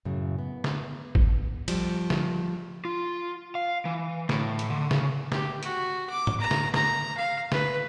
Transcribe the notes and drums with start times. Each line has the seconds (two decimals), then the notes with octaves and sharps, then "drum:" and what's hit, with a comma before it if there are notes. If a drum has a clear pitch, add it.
0.05 F#2 A2 C#3
0.39 B3
0.64 drum: snare
1.15 drum: kick G#1
1.68 F3 G3, drum: cymbal
2.10 drum: snare
2.85 F4
3.55 F5
3.85 E3
4.29 A2, drum: snare
4.59 drum: hi-hat
4.70 D3
4.91 C#3, drum: snare
5.32 G4, drum: snare
5.63 F#4, drum: hi-hat
6.09 D6
6.27 drum: tom
6.40 A#5
6.51 drum: snare
6.74 A#5, drum: snare
7.17 F5
7.52 B4, drum: snare